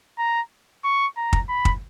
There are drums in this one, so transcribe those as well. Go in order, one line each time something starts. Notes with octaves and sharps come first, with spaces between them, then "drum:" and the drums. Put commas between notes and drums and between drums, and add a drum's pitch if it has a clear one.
A#5
C#6
A#5
drum: kick
B5
drum: kick